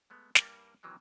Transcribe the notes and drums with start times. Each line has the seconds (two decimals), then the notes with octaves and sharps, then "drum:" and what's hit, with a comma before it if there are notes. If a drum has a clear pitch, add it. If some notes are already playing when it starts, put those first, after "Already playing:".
0.10 G#3 A3 B3
0.35 G2 G3 A#3 A#4, drum: snare
0.83 C3 D#3 E3 F#3 A#3 B3